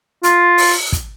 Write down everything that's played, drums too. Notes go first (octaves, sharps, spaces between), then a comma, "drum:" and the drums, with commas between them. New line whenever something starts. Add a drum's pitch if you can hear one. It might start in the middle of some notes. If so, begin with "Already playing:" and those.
F4, drum: hi-hat
drum: open hi-hat
drum: kick, hi-hat